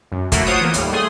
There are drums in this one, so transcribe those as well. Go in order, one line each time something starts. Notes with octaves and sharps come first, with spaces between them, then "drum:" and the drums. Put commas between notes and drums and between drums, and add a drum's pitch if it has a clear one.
F#2
A3 A#3 E4 F#4, drum: kick G1, hi-hat
F4 C5 C#5 F#5 D#6 D7
E3 A#3
D#2 A2 G3, drum: hi-hat
A3 G#4 C6 D#6